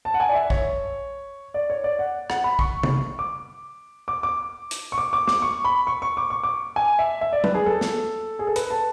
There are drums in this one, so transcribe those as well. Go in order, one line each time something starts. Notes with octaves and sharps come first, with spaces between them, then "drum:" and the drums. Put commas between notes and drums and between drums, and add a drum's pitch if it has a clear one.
A5
F#5
G#5
D5
E5
C#5, drum: kick A#1
D5
C#5
D5
F#5
F#5, drum: rim click
B5
C#6, drum: kick A#1
drum: tom C3
D6
D6
D6
drum: hi-hat
C#6
D6
D6
D6, drum: snare
C#6
B5
C#6
C#6
D6
C#6
D6
G#5
E5
E5
D5
B4, drum: tom F#3
G#4
A4
drum: snare
G#4
A4
B4, drum: hi-hat
A5